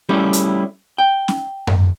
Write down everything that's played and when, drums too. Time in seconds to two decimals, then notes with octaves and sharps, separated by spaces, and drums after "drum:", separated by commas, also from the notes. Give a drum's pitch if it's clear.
0.09 G3 A3 C#4 E4 G4
0.33 drum: hi-hat
0.98 G5
1.28 drum: snare C#4
1.67 drum: tom F#2